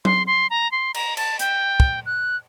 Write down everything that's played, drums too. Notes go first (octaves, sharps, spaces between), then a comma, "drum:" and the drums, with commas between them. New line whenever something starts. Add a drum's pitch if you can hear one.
C6, drum: tom F#3
C6
A#5
C6
A#5, drum: cymbal
A5, drum: cymbal
G5, drum: hi-hat
drum: kick
F#6